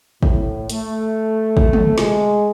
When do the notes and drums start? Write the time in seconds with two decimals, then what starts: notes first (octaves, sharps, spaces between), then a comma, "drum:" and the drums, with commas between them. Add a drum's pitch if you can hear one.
0.23 A2, drum: kick
0.70 A3, drum: hi-hat
1.57 drum: kick
1.73 drum: tom
1.98 G#3, drum: snare